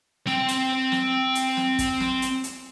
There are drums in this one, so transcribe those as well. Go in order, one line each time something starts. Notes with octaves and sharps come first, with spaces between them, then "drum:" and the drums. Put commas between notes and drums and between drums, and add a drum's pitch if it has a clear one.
C4 G5, drum: snare
drum: hi-hat
drum: snare
drum: hi-hat
drum: snare
drum: kick, hi-hat
drum: snare
drum: hi-hat
drum: hi-hat